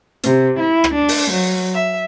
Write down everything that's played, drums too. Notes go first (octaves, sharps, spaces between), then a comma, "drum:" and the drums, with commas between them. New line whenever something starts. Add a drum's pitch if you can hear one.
C3, drum: hi-hat
E4
drum: rim click
D4
drum: open hi-hat
F#3
E5